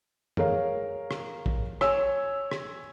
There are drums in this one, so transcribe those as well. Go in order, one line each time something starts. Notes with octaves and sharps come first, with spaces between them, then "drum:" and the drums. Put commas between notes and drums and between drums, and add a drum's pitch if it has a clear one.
G#4 A#4 C#5 F5, drum: tom F#2
drum: rim click
drum: kick
C#5 G#5 E6, drum: rim click
drum: rim click